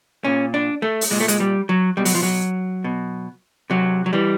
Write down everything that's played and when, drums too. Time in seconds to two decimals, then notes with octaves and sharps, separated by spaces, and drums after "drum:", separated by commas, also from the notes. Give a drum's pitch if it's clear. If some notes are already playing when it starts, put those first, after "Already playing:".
0.24 A#2 C#4
0.54 D4
0.82 A3
1.01 drum: open hi-hat
1.11 A#2 G#3
1.20 A3
1.28 G#3, drum: hi-hat
1.40 G3
1.69 F#3
1.97 B2 G3
2.05 F#3, drum: open hi-hat
2.15 F3
2.23 F#3
2.84 B2
3.70 C3 F#3
4.06 F#3
4.13 E3 G3